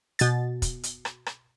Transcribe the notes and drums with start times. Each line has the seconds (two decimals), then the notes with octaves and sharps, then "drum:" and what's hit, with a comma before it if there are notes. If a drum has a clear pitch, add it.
0.19 B2 A6, drum: hi-hat
0.62 drum: kick, hi-hat
0.83 drum: hi-hat
1.05 drum: rim click
1.26 drum: rim click